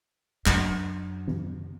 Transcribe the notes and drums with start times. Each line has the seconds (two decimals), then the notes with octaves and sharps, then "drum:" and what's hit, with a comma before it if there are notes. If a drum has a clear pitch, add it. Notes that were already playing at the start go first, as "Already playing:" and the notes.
0.46 F#2 D4, drum: clap
1.28 drum: tom